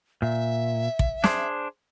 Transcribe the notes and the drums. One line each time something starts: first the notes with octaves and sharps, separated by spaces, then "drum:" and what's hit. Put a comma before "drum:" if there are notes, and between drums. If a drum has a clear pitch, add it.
A#2 E5
drum: kick
D4 G#4 C5, drum: snare